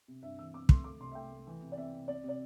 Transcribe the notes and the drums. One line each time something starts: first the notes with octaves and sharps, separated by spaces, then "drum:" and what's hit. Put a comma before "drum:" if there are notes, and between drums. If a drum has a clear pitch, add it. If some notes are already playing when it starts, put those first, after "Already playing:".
C3
G2 E5
E3 E6
C4 D6
A3 C6, drum: kick
A3 D6
C2 C6
E5
A3 G5
A3
E3
C3
D5
C4 E5
C3
C4 D5
C3 D5